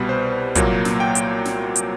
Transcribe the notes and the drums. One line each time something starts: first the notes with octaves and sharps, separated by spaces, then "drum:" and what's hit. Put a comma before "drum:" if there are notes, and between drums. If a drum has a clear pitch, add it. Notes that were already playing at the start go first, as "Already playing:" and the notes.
Already playing: C2 B2 G3 B4
C5
C2 A#2 F#3 A#3, drum: kick, hi-hat
drum: snare
G5
drum: hi-hat
drum: snare
drum: hi-hat